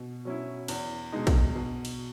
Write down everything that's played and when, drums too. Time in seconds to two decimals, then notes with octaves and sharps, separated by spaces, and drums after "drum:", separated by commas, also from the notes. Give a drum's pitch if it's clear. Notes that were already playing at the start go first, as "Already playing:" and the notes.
Already playing: B2
0.25 F#3 C#4 E4
0.68 E2, drum: cymbal
1.12 B2 G#3 D#4
1.27 drum: kick, cymbal
1.55 B2
1.85 drum: cymbal